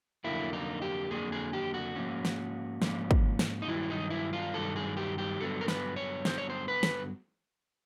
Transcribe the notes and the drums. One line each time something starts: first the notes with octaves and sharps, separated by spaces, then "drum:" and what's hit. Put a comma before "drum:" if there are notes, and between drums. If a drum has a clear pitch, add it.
F2 D3 F#3 A#3 E4
D#4
G4
F2 D3 F#3 A#3 G#4
G#4
G4
F#4
G#2 F3 A#3 C#4
drum: snare
G#2 F3 A#3 C#4, drum: snare
drum: kick
drum: snare
D#4
G2 D#3 F#3 E4
D#4
E4
F4
G2 D#3 F#3 A4
G#4
G4
G4
G2 D3 F#3 B3 A4
A#4
B4, drum: snare
C#5
G2 D3 F#3 B3 C5, drum: snare
C#5
C5
B4
drum: snare